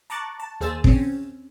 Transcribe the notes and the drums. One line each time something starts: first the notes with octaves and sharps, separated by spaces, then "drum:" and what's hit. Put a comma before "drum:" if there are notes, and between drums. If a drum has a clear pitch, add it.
A5 A#5 C#6 D6 F#6 A6
A5
D#2 G#4 C5 E6 A6
C4 C#4, drum: kick